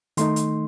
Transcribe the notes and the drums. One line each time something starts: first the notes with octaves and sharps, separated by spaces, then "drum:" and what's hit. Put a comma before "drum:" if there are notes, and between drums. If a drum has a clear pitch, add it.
D#3 A3 D#4 C6, drum: hi-hat
drum: hi-hat